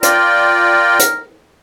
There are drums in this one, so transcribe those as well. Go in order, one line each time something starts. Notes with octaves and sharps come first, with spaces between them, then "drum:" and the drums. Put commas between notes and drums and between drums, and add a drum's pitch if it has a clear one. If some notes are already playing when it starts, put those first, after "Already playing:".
F4 A#4 D5 G5, drum: hi-hat
drum: hi-hat